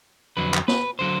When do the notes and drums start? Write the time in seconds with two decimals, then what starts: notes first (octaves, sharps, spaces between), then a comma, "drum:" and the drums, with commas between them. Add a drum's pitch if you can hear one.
0.37 F2 D3 F#3 B4
0.54 drum: clap
0.68 B4, drum: snare
0.99 D3 F#3 C5